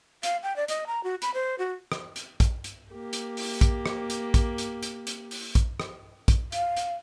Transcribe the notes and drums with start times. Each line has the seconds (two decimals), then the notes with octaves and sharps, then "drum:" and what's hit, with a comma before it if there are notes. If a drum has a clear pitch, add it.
0.23 F5, drum: hi-hat
0.43 G5
0.56 D5
0.68 D#5, drum: hi-hat
0.87 A#5
1.04 F#4
1.22 B5, drum: hi-hat
1.34 C5
1.59 F#4
1.92 drum: rim click
2.16 drum: hi-hat
2.40 drum: kick, hi-hat
2.64 drum: hi-hat
2.92 A#3 G4
3.13 drum: hi-hat
3.37 drum: open hi-hat
3.61 drum: kick, hi-hat
3.86 drum: rim click
4.10 drum: hi-hat
4.34 drum: kick, hi-hat
4.58 drum: hi-hat
4.83 drum: hi-hat
5.07 drum: hi-hat
5.31 drum: open hi-hat
5.55 drum: kick, hi-hat
5.80 drum: rim click
6.28 drum: kick, hi-hat
6.52 F5, drum: hi-hat
6.77 drum: hi-hat